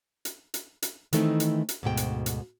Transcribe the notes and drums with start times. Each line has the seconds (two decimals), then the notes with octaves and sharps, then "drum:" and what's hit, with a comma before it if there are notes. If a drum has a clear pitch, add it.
0.25 drum: hi-hat
0.54 drum: hi-hat
0.82 drum: hi-hat
1.13 D#3 E3 A3 C4 D#4, drum: hi-hat
1.40 drum: hi-hat
1.69 drum: hi-hat
1.83 D2 G#2 B2 G5
1.97 drum: hi-hat
2.26 drum: hi-hat